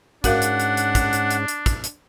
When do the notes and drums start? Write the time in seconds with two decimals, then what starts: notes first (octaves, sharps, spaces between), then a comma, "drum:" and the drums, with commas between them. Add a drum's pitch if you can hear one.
0.24 G#2 C#4 D4 F#4 A#4 F5 F#5, drum: kick, hi-hat
0.42 drum: hi-hat
0.60 drum: hi-hat
0.77 drum: hi-hat
0.95 drum: kick, hi-hat
1.13 drum: hi-hat
1.31 drum: hi-hat
1.48 drum: hi-hat
1.66 drum: kick, hi-hat
1.84 drum: hi-hat